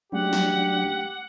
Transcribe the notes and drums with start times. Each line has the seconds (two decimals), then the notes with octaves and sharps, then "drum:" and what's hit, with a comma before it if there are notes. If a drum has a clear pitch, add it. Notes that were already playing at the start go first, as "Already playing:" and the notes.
0.12 F#3 G#3 A3 C#4 D4 G4 F#5
0.33 drum: snare